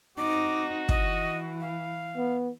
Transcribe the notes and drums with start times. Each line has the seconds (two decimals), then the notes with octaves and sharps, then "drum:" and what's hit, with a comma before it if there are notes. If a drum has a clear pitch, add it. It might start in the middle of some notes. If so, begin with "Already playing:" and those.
0.18 C4 D#4 F#4 D6
0.89 E3 D#5, drum: kick
1.61 F5
2.17 B3